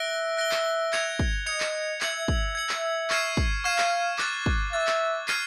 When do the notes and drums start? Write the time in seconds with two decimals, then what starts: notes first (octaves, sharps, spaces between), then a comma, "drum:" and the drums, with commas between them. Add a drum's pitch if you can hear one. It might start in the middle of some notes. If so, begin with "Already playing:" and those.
Already playing: E5 F#6 A#6 D7 G7
0.37 F#6 A#6 D7 G7
0.51 drum: clap
0.93 G#6 C#7 F7, drum: clap
1.19 drum: kick
1.46 D#5 G#6 C#7 F7
1.60 drum: clap
2.01 E5 G#6 C#7 F#7, drum: clap
2.28 drum: kick
2.55 G#6 C#7 F#7
2.69 drum: clap
3.10 C#6 F6 G#6 C7 E7, drum: clap
3.37 drum: kick
3.64 F5 C#6 F6 G#6 C7 E7
3.78 drum: clap
4.18 D6 F#6 A6, drum: clap
4.46 drum: kick
4.73 E5 D6 F#6 A6
4.87 drum: clap
5.28 F6 G#6 C7 D#7, drum: clap